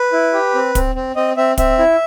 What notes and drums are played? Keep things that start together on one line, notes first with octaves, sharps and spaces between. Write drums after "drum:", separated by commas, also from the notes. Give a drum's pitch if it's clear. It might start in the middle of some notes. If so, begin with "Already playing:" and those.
Already playing: B4
E4
G4
C4
C4, drum: kick, hi-hat
C4
C4 D#5
C4 E5
C4 E5, drum: kick, hi-hat
E4